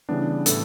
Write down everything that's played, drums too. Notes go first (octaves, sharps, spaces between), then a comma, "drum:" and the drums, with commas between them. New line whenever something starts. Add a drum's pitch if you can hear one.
C#3 E3 G3 B3 D4
A2 E3 B3 A4, drum: hi-hat